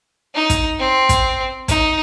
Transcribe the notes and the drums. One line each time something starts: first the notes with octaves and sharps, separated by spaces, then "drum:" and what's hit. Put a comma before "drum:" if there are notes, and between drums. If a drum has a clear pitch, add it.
D#4
drum: kick, hi-hat
C4
drum: kick, hi-hat
D#4, drum: kick, hi-hat